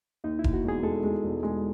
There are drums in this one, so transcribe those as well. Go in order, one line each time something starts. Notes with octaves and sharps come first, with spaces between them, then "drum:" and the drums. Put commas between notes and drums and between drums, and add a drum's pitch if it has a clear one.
D#2 D#4
E4
D#2, drum: kick E1
F#4
E1 G#4
G#3 A4
G#3
E1
G#3